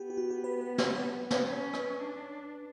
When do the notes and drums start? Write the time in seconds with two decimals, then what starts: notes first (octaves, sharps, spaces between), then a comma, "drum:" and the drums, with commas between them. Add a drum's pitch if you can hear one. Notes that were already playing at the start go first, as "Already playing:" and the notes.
Already playing: B3 G4
0.10 G4
0.17 F#4
0.30 G4
0.44 B4
0.61 B4
0.78 B4, drum: snare
0.89 C#5
0.95 B4
1.30 drum: snare
1.47 C#4 C#5
1.73 B4, drum: rim click
1.99 D4